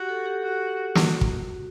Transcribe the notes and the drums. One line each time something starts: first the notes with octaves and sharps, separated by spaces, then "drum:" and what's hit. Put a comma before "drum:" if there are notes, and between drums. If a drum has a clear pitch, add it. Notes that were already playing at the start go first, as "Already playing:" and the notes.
Already playing: F#4 G4
A4
G4
F#4
F#4, drum: snare
drum: kick